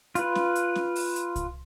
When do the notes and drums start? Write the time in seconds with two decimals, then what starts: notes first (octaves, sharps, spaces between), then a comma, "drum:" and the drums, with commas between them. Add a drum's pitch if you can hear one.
0.15 F4 B4, drum: hi-hat
0.35 drum: snare C#4
0.55 drum: hi-hat
0.75 drum: snare C#4
0.96 drum: open hi-hat
1.16 drum: hi-hat
1.36 drum: kick C2, hi-hat